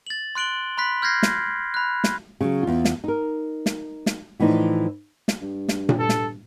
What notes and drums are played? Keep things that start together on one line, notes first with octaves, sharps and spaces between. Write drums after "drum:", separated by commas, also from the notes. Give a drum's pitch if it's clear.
A6 F#7
C6 F#6 D7 F#7 G7
B5 C6 F#6 B6
F6 G6 G#6 A#6 C7
drum: snare
B5 F#6
drum: snare
C#3 F#3
E2 F4
drum: snare
D#4 A#4
drum: snare
drum: snare
A2 E3 F3 D#4 D5
drum: snare
G2
drum: snare
drum: tom A#2
A4
drum: snare